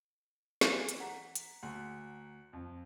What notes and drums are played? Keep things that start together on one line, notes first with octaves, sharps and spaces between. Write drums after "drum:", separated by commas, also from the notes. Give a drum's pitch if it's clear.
E3, drum: snare
drum: hi-hat
F#5 A#5 B6
drum: hi-hat
D2
F2